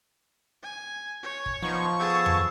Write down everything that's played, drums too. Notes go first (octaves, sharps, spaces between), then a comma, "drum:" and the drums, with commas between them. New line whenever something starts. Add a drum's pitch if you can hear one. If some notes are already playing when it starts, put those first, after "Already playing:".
G#5
C#5
drum: kick
F3 B3 D#4 C#6
B3 G#4 A4 A5
drum: tom F2